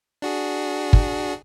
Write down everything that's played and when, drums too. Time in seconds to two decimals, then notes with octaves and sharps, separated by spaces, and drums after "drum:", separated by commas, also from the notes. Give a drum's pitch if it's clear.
0.22 D4 F#4 G#4
0.93 drum: kick